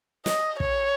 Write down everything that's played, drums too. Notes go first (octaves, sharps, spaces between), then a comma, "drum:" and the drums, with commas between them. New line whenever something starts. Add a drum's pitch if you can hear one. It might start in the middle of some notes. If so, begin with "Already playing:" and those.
D#5, drum: snare
C#5, drum: kick